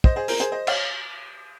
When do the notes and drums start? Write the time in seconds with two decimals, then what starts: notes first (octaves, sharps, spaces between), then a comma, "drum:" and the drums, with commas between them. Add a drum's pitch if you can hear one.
0.04 C5 D#5, drum: kick
0.16 G#4 C5
0.28 A#4, drum: open hi-hat
0.40 G#4 C5, drum: hi-hat
0.52 C5 D#5
0.67 C#5 F5, drum: cymbal